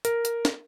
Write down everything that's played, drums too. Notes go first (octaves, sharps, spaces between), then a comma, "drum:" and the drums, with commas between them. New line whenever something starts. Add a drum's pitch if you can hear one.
A#4, drum: hi-hat
drum: hi-hat
drum: snare